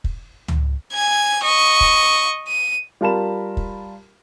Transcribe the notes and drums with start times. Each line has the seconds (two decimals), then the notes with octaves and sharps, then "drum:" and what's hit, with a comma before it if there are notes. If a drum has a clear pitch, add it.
0.04 drum: kick
0.48 drum: tom C#2
0.92 G#5 G#6
1.43 D#5 C#6
1.81 drum: kick
2.48 D#7
3.01 G3 F4 A#4 A5 B5 E7
3.57 drum: kick